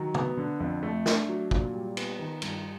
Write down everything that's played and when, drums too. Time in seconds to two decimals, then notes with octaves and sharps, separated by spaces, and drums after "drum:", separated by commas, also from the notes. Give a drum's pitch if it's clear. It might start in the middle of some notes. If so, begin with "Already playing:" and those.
Already playing: D#3 F#3
0.14 B3, drum: tom
0.37 D3
0.60 F2
0.83 A3
1.06 D4, drum: snare
1.29 F#3
1.51 A#2, drum: kick
1.73 G3
1.97 B3, drum: cymbal
2.19 D#3
2.42 G2, drum: cymbal